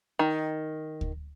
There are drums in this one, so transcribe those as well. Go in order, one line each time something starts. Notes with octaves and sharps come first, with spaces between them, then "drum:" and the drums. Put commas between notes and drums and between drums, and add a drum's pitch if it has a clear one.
D#3
drum: kick D2